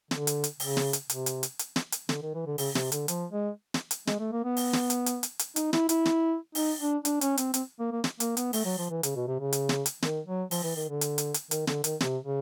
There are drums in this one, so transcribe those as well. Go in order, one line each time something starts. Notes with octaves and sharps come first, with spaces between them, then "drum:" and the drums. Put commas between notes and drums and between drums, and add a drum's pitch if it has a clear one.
D3, drum: snare
drum: hi-hat
drum: hi-hat
C#3, drum: open hi-hat
drum: snare
drum: hi-hat
C3, drum: hi-hat
drum: hi-hat
drum: hi-hat
drum: hi-hat
drum: snare
drum: hi-hat
D3, drum: snare
D#3
E3
D3
C#3, drum: open hi-hat
C3, drum: snare
D3, drum: hi-hat
F3, drum: hi-hat
G#3
drum: snare
drum: hi-hat
G#3, drum: snare
A3
A#3
B3
drum: open hi-hat
drum: snare
drum: hi-hat
drum: hi-hat
drum: hi-hat
drum: hi-hat
D#4, drum: hi-hat
E4, drum: snare
E4, drum: hi-hat
drum: snare
D#4, drum: open hi-hat
D4
D4, drum: hi-hat
C#4, drum: hi-hat
C4, drum: hi-hat
C4, drum: hi-hat
A#3
A#3
drum: snare
A#3, drum: hi-hat
B3, drum: hi-hat
A3, drum: open hi-hat
F#3
F3
E3
C#3, drum: hi-hat
B2
C3
C#3
drum: hi-hat
drum: snare
drum: hi-hat
D#3, drum: snare
F#3
F3, drum: open hi-hat
E3
D#3
D3
drum: hi-hat
drum: hi-hat
drum: hi-hat
D#3, drum: hi-hat
D3, drum: snare
D#3, drum: hi-hat
C3, drum: snare
C#3